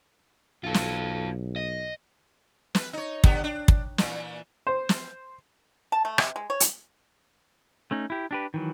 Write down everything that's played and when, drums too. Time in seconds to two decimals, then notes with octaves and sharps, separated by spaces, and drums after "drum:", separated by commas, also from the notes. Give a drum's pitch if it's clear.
0.64 B1 F4 A4
0.74 drum: snare
1.56 D#5
2.75 B4, drum: snare
2.93 D#4 C#5
3.24 D3 B3 G4, drum: kick
3.44 D4
3.68 drum: kick
3.98 A#2 E3, drum: snare
4.67 C5
4.89 drum: snare
5.92 A5
6.05 A3
6.18 C3, drum: rim click
6.36 G#3
6.50 C#5
6.60 drum: hi-hat
7.91 A3 C#4 D#4
8.10 E4 G4
8.31 D4 G4 B4
8.54 D#3 E3 F#3